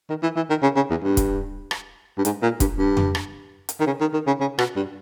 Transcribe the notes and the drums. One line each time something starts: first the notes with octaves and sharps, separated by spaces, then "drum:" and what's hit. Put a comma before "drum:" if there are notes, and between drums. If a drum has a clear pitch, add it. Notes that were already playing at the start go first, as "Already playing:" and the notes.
D#3
E3
E3
D#3
C#3
C#3
E2
G2
drum: kick, hi-hat
drum: rim click
G2
G#2, drum: hi-hat
A#2
G2, drum: kick, hi-hat
G2
drum: tom F2
drum: rim click
drum: hi-hat
D#3
C#3
D#3
D#3
C#3
C#3
B2, drum: rim click
G2